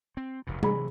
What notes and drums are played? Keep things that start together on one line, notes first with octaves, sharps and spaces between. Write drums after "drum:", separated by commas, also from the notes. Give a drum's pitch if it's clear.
C4
F1 D#2 B2
C3 E3 F#3 G#4 B5, drum: tom G3